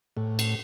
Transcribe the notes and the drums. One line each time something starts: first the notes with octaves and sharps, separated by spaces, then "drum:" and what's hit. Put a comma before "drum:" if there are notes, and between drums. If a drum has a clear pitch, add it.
A2
drum: cymbal